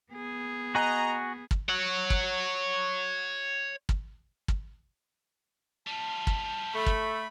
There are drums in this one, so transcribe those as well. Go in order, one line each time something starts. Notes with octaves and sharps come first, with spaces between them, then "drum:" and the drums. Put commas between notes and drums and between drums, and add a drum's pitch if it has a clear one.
B3 G#4
F#4 D#5 G#5 A#5 F#6
drum: kick
C#5 F#5
drum: kick
drum: kick
drum: kick
G3 F4 A5
drum: kick
A3 B5
drum: kick